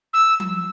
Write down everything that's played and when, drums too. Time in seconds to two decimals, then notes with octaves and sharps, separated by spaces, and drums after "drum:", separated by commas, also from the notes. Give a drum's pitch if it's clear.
0.13 E6
0.40 drum: tom F3